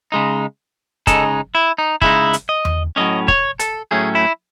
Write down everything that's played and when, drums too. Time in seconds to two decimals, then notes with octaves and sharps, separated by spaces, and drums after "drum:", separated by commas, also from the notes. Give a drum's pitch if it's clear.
0.12 C#3 G#3 D#4
1.07 C#3 G#3 D#4 A4, drum: kick, hi-hat
1.55 E4
1.78 D#4
2.02 C#3 G#3 D#4 E4, drum: kick
2.33 drum: hi-hat
2.49 D#5
2.65 drum: tom E2
2.96 A2 F#3 A3 C#4 D#5
3.28 C#5, drum: kick
3.59 A4, drum: hi-hat
3.91 A2 F#3 A3 C#4 G#4
4.15 E4